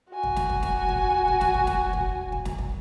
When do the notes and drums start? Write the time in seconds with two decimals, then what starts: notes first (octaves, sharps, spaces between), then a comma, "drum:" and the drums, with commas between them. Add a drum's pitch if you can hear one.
0.10 F#4 G#5
0.23 drum: kick
0.36 drum: snare
0.50 drum: kick
0.63 drum: snare
0.89 drum: kick
1.28 drum: kick
1.41 drum: snare
1.54 drum: kick
1.67 drum: snare
1.93 drum: kick
2.32 drum: kick
2.45 drum: snare
2.58 drum: kick